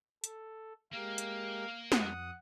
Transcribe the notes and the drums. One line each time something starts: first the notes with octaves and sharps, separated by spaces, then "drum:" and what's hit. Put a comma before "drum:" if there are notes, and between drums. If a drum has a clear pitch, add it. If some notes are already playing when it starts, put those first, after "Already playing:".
A4, drum: hi-hat
G#3 A#3 G4 A#4 F5
drum: hi-hat
F2 F#5 D#6, drum: snare